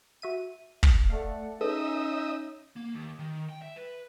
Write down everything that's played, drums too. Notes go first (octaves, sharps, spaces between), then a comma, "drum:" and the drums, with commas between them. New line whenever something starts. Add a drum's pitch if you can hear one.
F#4 E5 D#7
drum: kick
A3 D5 F5 F#5
C#4 D#4 G#4 A4 B4 D#5 E5
A#3
D#2
D#3
G5
E5
B4